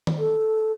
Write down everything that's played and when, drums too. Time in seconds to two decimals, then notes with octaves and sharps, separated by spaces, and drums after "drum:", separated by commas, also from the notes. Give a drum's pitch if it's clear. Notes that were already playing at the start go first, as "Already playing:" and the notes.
0.07 drum: tom D#3
0.19 A4